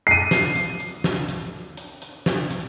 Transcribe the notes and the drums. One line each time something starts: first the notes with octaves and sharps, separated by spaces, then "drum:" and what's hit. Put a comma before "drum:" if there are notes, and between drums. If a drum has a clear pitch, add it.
C7 D#7
drum: snare
drum: hi-hat
drum: hi-hat
drum: snare
drum: hi-hat
drum: hi-hat
drum: hi-hat
drum: snare
drum: hi-hat